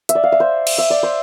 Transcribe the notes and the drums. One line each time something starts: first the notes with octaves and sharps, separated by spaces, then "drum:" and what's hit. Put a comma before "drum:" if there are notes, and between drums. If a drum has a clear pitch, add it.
E5, drum: hi-hat
D5
F5
E5
C5
drum: cymbal
E5
D5
C5